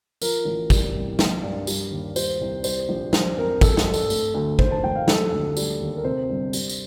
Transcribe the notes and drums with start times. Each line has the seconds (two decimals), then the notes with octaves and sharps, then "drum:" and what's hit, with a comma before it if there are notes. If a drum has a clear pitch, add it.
0.22 F3 A#4, drum: tambourine
0.45 A1
0.70 G3, drum: kick, tambourine
0.95 C2
1.19 A#3, drum: snare
1.43 G2
1.67 G3, drum: tambourine
1.91 D#2
2.16 G3 C5, drum: tambourine
2.41 C2
2.64 G3 C5, drum: tambourine
2.89 A#1
3.13 G3 C5, drum: snare
3.37 F2 A#4
3.61 C4 A4, drum: kick, tambourine
3.77 A4, drum: snare
3.86 G2
3.94 A4, drum: tambourine
4.10 A3, drum: tambourine
4.34 D2
4.59 D#3 C5, drum: kick
4.71 A5
4.83 F1 G5
4.96 F5
5.08 G3 A4, drum: snare
5.32 D2
5.57 G3, drum: tambourine
5.80 D#2
5.96 A#4
6.04 C3 C5
6.29 G1
6.53 G3, drum: tambourine
6.69 drum: tambourine